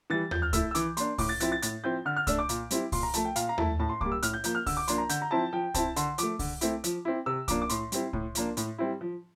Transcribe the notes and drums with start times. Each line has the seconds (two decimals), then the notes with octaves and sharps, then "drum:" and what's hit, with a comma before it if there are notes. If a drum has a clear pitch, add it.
0.10 E3 G3 A6
0.31 F3 G6, drum: tom D#2
0.42 F6
0.53 A3 E4 E6, drum: kick C2, hi-hat
0.71 E6
0.75 E3 D6, drum: hi-hat
0.97 A#3 D4 C6, drum: hi-hat
1.18 A2 D6, drum: kick C2, open hi-hat
1.29 A6
1.40 F3 C4 E4 A6, drum: hi-hat
1.52 A6
1.62 A2 A6, drum: hi-hat
1.84 F3 C4 E4 G6
2.05 D3 F6
2.16 F6
2.27 A3 D4 E6, drum: kick C2, hi-hat
2.39 D6
2.49 A#2, drum: hi-hat
2.71 G3 C4 E4, drum: hi-hat
2.92 A#2 C6, drum: kick C2, open hi-hat
3.03 A#5
3.14 F3 A3 A5, drum: hi-hat
3.25 G5
3.36 A#2 F5, drum: hi-hat
3.49 A#5
3.58 A3 E4 A5, drum: tom D#2
3.79 A2 A5
3.89 C6
4.01 G3 A#3 D6, drum: kick C2
4.12 E6
4.22 A2 F6, drum: hi-hat
4.34 G6
4.44 F3 A#3 G6, drum: hi-hat
4.55 F6
4.66 D3 E6, drum: kick C2, open hi-hat
4.77 D6
4.88 F3 A#3 D4 C6, drum: hi-hat
4.98 A#5
5.09 D3 G6, drum: hi-hat
5.22 A#5
5.31 F3 C4 E4 A5
5.53 F3 G5
5.74 C4 E4 A5, drum: kick C2, hi-hat
5.96 D3 C6, drum: hi-hat
6.18 F3 A3 D6, drum: hi-hat
6.39 D3, drum: kick C2, open hi-hat
6.61 A3 C4 E4, drum: hi-hat
6.84 F3, drum: hi-hat
7.05 C4 E4
7.26 C3 E6
7.48 F3 A#3 D4 D6, drum: kick C2, hi-hat
7.62 D6
7.69 A2 C6, drum: hi-hat
7.92 G3 C4 E4, drum: hi-hat
8.13 A2, drum: kick C2
8.35 F3 A#3 D4, drum: hi-hat
8.57 A2, drum: hi-hat
8.78 G3 C4 E4
9.01 F3